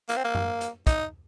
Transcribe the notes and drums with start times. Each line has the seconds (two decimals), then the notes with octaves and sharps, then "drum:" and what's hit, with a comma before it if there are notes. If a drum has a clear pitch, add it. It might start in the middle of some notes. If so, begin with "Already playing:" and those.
0.09 A#3, drum: hi-hat
0.17 C4
0.24 A#3
0.35 drum: tom F#2
0.61 drum: hi-hat
0.87 D#4, drum: kick, hi-hat